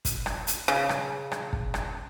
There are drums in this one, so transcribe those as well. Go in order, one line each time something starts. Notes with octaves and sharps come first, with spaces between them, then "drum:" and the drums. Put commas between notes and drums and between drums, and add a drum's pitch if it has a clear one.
drum: kick, hi-hat
drum: rim click
drum: hi-hat
C#3
drum: rim click
drum: rim click
drum: kick
drum: rim click